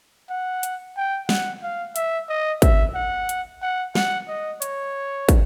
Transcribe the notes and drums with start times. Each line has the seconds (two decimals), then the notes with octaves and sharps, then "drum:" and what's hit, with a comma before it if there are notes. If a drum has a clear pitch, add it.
0.30 F#5
0.63 drum: hi-hat
0.97 G5
1.29 F#5, drum: snare
1.63 F5
1.96 E5, drum: hi-hat
2.29 D#5
2.62 E5, drum: kick, hi-hat
2.95 F#5
3.29 drum: hi-hat
3.62 F#5
3.95 F#5, drum: snare
4.29 D#5
4.62 C#5, drum: hi-hat
5.29 drum: kick, hi-hat